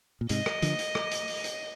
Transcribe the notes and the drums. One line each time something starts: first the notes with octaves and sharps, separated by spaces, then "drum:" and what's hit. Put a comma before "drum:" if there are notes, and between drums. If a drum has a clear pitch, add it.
A#2
G#2 C3 D#5, drum: hi-hat
drum: rim click
D3 F3, drum: hi-hat
drum: hi-hat
drum: rim click
drum: hi-hat
drum: open hi-hat
drum: hi-hat